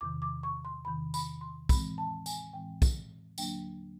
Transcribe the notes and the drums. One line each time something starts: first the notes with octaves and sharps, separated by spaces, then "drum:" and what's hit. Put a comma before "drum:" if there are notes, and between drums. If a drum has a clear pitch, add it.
E2 C3 D#3 D6
D6
C#6
C6
E2 C3 D#3 B5
B5, drum: tambourine
C6
A2 E3 G#3 C4 B5, drum: kick, tambourine
A5
G#5, drum: tambourine
A2 E3 G#3 C4 G5
drum: kick, tambourine
D#2 D3 F#3 A#3 D4 G5, drum: tambourine